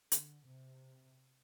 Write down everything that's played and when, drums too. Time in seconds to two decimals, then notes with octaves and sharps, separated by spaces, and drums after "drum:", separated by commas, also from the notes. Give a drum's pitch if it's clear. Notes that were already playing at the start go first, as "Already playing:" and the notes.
0.12 D3, drum: hi-hat
0.46 C3